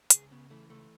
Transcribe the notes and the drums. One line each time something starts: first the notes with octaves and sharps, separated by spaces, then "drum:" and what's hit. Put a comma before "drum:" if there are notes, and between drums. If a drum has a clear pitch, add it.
C#2 G#4, drum: hi-hat
C#3 B3
E3 A3
C#2 A3